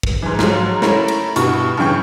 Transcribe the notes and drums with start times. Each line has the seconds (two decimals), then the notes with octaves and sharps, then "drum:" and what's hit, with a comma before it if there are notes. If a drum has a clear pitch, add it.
0.03 drum: kick
0.22 G#2 E3
0.39 G#2 F3 F#3, drum: snare
0.82 A3 C#4 E4 A#4, drum: snare
1.08 drum: cymbal
1.36 G2 B2 E4 F#4 C#6, drum: hi-hat
1.77 G2 C#3 E3 G5 C#6